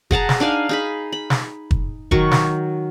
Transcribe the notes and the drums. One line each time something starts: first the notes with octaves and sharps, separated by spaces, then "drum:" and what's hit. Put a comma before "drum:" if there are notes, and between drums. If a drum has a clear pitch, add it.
G#4 F#5 A5 A#5, drum: kick
drum: snare
D4 D#4 F5 G#5
D#4 G#4 B5
B5
drum: snare
drum: kick
D#3 F#3 C#6, drum: kick
drum: snare